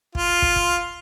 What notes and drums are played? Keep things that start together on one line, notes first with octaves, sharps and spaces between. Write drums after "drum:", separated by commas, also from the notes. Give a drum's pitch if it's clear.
F4, drum: kick
drum: kick
drum: kick